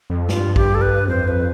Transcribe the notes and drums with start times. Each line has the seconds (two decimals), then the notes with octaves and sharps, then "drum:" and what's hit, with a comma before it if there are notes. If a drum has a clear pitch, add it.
0.10 F2
0.29 G2 F4, drum: snare
0.56 G4, drum: kick A1
0.75 A4
0.82 B4
1.07 F2 C5
1.28 B4